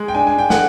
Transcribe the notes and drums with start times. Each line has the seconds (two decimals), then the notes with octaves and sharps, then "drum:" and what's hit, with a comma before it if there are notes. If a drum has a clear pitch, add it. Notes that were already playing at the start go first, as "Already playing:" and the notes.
Already playing: G#3
0.08 G5
0.15 D4 G#5
0.27 G#5
0.38 D4 G5
0.50 F#5, drum: snare